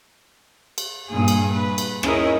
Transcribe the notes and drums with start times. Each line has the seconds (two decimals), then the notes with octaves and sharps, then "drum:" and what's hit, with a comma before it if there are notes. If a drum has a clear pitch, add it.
0.78 drum: cymbal
1.08 G2 A#2 G#4
1.28 drum: cymbal
1.52 B4
1.78 drum: cymbal
2.03 C#4 D#4 E4 G#4 A#4 D#5, drum: rim click